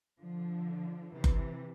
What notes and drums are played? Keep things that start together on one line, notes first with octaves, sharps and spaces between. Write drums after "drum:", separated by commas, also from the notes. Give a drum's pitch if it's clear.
D3 F3
C3 E3
drum: kick F#1